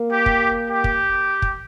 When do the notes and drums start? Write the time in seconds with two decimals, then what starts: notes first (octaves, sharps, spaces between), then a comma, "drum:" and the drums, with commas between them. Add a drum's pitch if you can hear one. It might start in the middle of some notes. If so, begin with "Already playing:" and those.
Already playing: A#3
0.11 G4
0.26 drum: kick
0.70 G4
0.84 drum: kick
1.42 drum: kick